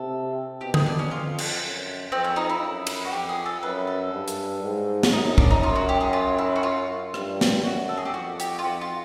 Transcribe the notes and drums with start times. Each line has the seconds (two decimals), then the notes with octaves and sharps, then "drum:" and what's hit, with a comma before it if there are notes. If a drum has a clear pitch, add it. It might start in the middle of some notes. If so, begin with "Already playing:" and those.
Already playing: C3 A4
0.61 B2 G4
0.74 G#4, drum: tom D3
0.86 D4
0.99 C#4
1.11 F2 F4
1.38 drum: cymbal
1.62 F#2
2.12 F2 C4
2.24 C#4
2.36 D#4
2.49 E4
2.63 F#2
2.87 drum: cymbal
3.05 F#4
3.12 F2 G4
3.29 G#4
3.46 A4
3.62 F#2 B4
3.87 A4
4.12 G2
4.28 drum: hi-hat
4.62 G#2
5.03 drum: snare
5.13 F#2 D#4
5.25 D#4
5.38 D4, drum: kick
5.50 D#4
5.63 F4
5.76 F#4
5.89 G4
6.01 G#4
6.13 F4
6.39 E4
6.56 F#4
6.63 F4
7.14 G2, drum: rim click
7.41 drum: snare
7.64 F#2 F#4
7.89 A4
7.97 G#4
8.05 G4
8.14 F2 F#4
8.40 G4, drum: hi-hat
8.59 F4
8.64 F2 F#4
8.81 F4